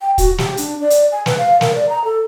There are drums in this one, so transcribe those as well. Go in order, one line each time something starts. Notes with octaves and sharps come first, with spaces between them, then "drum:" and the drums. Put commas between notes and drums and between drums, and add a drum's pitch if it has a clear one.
G5
F#4, drum: kick, hi-hat
G4, drum: snare
D4, drum: hi-hat
D5
drum: hi-hat
G#5
B4, drum: snare
F5
A#4, drum: snare
D5
A#5
A4